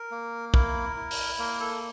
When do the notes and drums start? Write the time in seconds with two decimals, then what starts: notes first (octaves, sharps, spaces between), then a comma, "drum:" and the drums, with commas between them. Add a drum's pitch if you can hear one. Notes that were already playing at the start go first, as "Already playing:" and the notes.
Already playing: A#4
0.11 A#3
0.54 E4 A#4, drum: kick
0.96 E4
1.11 drum: open hi-hat
1.39 A#3 A#4
1.60 A4